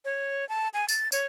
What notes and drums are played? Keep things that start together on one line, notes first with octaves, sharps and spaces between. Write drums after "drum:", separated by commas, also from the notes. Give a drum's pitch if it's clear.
C#5
A5
G#5
A6, drum: tambourine
C#5, drum: tambourine